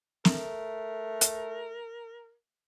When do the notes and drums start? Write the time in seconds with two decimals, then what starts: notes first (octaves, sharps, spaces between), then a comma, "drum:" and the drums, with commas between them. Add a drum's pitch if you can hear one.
0.25 A3 A#4, drum: snare
1.21 drum: hi-hat